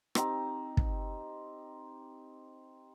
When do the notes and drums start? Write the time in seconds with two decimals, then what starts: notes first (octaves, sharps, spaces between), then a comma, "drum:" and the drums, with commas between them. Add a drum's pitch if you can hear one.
0.15 C4 D#4 G4, drum: rim click
0.77 drum: kick